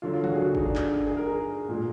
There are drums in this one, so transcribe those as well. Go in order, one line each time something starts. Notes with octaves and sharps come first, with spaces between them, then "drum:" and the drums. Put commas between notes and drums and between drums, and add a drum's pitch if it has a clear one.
D3 F#3 F4
F4
F#4, drum: tom
G#4
F#4
D#4, drum: kick
D4
drum: clap
G#4
A#4
A#2 G#3